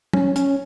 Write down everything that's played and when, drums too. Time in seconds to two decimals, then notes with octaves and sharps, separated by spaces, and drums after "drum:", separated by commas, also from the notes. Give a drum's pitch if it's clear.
0.13 C#4, drum: tom
0.36 C#4, drum: hi-hat